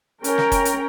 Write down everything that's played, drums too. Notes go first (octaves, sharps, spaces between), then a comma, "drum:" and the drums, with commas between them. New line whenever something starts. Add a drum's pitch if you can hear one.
C#4 A#4 G5 A#5, drum: hi-hat
drum: snare
drum: kick, hi-hat
drum: hi-hat